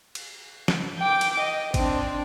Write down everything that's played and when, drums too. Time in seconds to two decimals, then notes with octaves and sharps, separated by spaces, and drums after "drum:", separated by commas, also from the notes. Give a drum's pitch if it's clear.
0.15 drum: cymbal
0.68 drum: snare
0.99 G5 D6
1.21 drum: cymbal
1.40 D#5
1.74 C4 D4, drum: kick G#1, cymbal